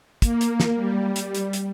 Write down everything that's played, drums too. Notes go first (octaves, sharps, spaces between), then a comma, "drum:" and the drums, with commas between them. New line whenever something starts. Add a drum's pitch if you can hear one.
A#3, drum: kick, hi-hat
drum: hi-hat
drum: snare
G3
drum: hi-hat
drum: hi-hat
drum: hi-hat